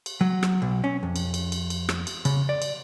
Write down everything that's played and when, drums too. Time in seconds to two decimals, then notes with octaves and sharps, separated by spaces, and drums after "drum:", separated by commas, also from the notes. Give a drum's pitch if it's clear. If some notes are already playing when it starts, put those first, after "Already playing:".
0.06 drum: cymbal
0.21 F#3
0.43 drum: rim click
0.62 B1
0.84 C#4
1.03 F2
1.16 drum: cymbal
1.34 drum: cymbal
1.52 drum: cymbal
1.70 drum: cymbal
1.89 drum: rim click
2.07 drum: cymbal
2.25 C#3, drum: cymbal
2.49 D5
2.62 drum: cymbal